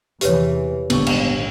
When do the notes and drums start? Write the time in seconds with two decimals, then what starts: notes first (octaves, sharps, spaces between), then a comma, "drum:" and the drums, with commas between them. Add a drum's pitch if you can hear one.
0.21 E2 C3 E3 G4 B4 C#5, drum: hi-hat
0.90 D#1 G#1 D3 G3 B3 C#6, drum: cymbal
1.07 drum: cymbal